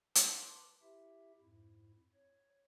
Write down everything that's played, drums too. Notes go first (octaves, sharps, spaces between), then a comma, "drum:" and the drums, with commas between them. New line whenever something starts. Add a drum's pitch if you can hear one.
B4 A5 C6 D6, drum: hi-hat
E4 G4 E5
F2 G#2 E4
C#5